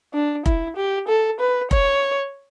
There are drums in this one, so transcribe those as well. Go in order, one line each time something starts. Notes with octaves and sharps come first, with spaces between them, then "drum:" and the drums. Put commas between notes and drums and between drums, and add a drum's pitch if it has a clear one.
D4
E4, drum: kick F1
G4
A4
B4
C#5, drum: kick F1